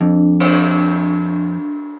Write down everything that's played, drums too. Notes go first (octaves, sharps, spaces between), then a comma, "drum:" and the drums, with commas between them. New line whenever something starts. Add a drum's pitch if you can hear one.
F2 D4
drum: cymbal